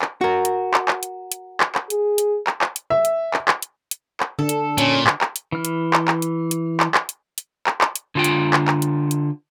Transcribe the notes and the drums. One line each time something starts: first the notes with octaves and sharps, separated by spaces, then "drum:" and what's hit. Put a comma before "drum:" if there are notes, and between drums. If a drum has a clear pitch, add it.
drum: clap
F#4 A#4
drum: hi-hat
drum: clap
drum: clap
drum: hi-hat
drum: hi-hat
drum: clap
drum: clap
G#4, drum: hi-hat
drum: hi-hat
drum: clap
drum: clap
drum: hi-hat
E5
drum: hi-hat
drum: clap
drum: clap
drum: hi-hat
drum: hi-hat
drum: clap
D3 D4 A4
drum: hi-hat
A#2 C#4, drum: hi-hat
drum: clap
drum: clap
drum: hi-hat
E3 F6
drum: hi-hat
drum: clap
drum: clap
drum: hi-hat
drum: hi-hat
drum: clap
drum: clap
drum: hi-hat
drum: hi-hat
drum: clap
drum: clap
drum: hi-hat
D3 F4 G5
drum: hi-hat
drum: clap
drum: clap
drum: hi-hat
drum: hi-hat